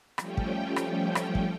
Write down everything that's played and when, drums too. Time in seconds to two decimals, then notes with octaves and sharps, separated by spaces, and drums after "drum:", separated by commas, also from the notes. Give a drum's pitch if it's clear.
0.18 F3 G3 A3 C#4 G5, drum: rim click
0.37 drum: kick
0.76 drum: rim click
1.15 drum: rim click
1.35 drum: kick